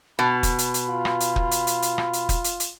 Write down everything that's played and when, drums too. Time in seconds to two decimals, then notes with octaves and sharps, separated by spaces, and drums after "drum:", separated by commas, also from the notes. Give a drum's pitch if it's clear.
0.19 B2 B5
0.43 drum: kick, hi-hat
0.59 drum: hi-hat
0.74 drum: hi-hat
0.89 F4
1.05 drum: rim click
1.20 drum: hi-hat
1.36 drum: kick
1.51 drum: hi-hat
1.67 drum: hi-hat
1.82 drum: hi-hat
1.98 drum: rim click
2.13 drum: hi-hat
2.29 drum: kick, hi-hat
2.44 drum: hi-hat
2.60 drum: hi-hat